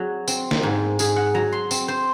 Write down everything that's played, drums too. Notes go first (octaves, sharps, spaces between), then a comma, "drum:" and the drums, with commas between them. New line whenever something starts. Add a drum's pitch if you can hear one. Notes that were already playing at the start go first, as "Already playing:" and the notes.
Already playing: F#3 C4 F#4 G#4
C4, drum: tambourine
drum: snare
G#2
G#2 G#4, drum: tambourine
F#5
F#3 A#5
C6
C4, drum: tambourine
C5